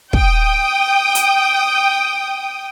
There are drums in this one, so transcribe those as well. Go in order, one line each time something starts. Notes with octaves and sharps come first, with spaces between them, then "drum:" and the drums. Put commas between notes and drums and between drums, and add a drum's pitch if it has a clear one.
G5 D#6, drum: kick
drum: hi-hat